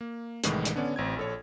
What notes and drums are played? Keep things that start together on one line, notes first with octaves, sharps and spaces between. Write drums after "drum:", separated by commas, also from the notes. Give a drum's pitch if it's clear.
A#3
C2 A2 D#3 E3 G#3, drum: hi-hat
drum: hi-hat
D3 B3 C#4 C#5 D5
A1 C4 G#6
A#1 A4 C#5